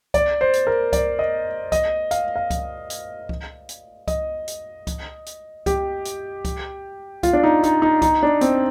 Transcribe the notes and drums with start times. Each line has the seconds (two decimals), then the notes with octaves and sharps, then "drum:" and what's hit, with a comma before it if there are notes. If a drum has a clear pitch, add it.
0.14 D5, drum: kick C#2, hi-hat
0.41 C5
0.53 drum: hi-hat
0.67 A#4
0.93 D5, drum: kick C#2, hi-hat
1.19 D#5
1.72 D#5, drum: kick C#2, hi-hat
2.11 F5, drum: hi-hat
2.36 F5
2.50 drum: kick C#2, hi-hat
2.90 drum: hi-hat
3.29 drum: kick C#2
3.69 drum: hi-hat
4.08 D#5, drum: kick C#2, hi-hat
4.48 drum: hi-hat
4.87 drum: kick C#2, hi-hat
5.26 drum: hi-hat
5.66 G4, drum: kick C#2, hi-hat
6.05 drum: hi-hat
6.45 drum: kick C#2, hi-hat
7.23 F4, drum: kick C#2, hi-hat
7.33 D4
7.43 D#4
7.63 D#4, drum: hi-hat
7.82 D#4
8.02 D#4, drum: kick C#2, hi-hat
8.23 D4
8.41 C4, drum: hi-hat